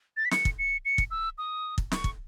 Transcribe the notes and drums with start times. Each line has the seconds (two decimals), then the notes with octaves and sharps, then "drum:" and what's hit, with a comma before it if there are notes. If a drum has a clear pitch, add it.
0.17 A6
0.25 B6
0.31 C#7, drum: snare
0.45 drum: kick
0.59 C#7
0.85 C#7
0.98 drum: kick
1.11 E6
1.38 D#6
1.78 drum: kick
1.92 C#6, drum: snare
2.04 drum: kick